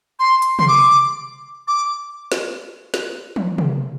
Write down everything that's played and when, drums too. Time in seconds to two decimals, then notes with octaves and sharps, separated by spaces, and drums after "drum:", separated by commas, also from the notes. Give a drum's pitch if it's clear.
0.20 C6
0.42 drum: hi-hat
0.59 C6, drum: tom C3
0.68 D6
1.68 D6
2.32 drum: snare
2.94 drum: snare
3.36 drum: tom
3.58 drum: tom C3